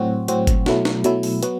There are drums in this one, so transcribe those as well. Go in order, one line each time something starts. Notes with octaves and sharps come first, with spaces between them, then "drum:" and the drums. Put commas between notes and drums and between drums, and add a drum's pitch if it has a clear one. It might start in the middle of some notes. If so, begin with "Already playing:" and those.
Already playing: A2 F#3 C4 F#4
A2 F#3 C4 F#4, drum: hi-hat
drum: kick G1, hi-hat
B2 F#3 A3 E4, drum: snare
drum: snare
B2 F#3 A3 E4, drum: hi-hat
drum: open hi-hat
F#3 B3 F#4, drum: hi-hat